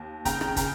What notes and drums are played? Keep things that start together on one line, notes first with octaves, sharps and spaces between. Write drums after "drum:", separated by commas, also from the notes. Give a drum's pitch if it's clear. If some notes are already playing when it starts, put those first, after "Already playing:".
Already playing: D#2
C#3 G5 A#5, drum: kick, hi-hat
drum: rim click
C#3 G5 A#5, drum: kick, hi-hat